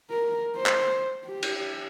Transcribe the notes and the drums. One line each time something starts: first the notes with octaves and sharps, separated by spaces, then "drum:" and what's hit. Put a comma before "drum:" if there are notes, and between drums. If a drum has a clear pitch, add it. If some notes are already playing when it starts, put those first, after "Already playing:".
A#4
C5
drum: clap
G4
drum: cymbal